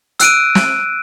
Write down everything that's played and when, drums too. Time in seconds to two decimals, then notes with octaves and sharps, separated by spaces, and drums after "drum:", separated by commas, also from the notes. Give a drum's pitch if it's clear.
0.19 E6 F#6 D7 D#7, drum: hi-hat
0.55 drum: snare